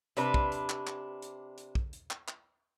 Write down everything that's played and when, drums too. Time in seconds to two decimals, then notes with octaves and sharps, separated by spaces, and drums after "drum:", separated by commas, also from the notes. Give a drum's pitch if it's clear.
0.17 C3 D4 B4, drum: hi-hat
0.34 drum: kick
0.52 drum: hi-hat
0.70 drum: clap
0.87 drum: clap
1.22 drum: hi-hat
1.58 drum: hi-hat
1.75 drum: kick
1.93 drum: hi-hat
2.11 drum: clap
2.28 drum: clap